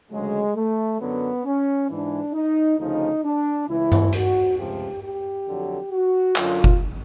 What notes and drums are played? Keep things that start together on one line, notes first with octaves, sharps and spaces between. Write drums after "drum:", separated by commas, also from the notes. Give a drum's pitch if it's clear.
D2 C#3 F#3 G#3
A3
F#2 D3 F#3 B3
C#4
G#2 E3 D4
D#4
D2 C#3 F3 D#4
D4
C#2 C#3 E3 E4
drum: tom G2
F#4, drum: hi-hat
C#2 C3 F3 G4
G4
F2 D3 F#3
F#4
F#2 D3 F#3 F4, drum: clap
drum: kick F#1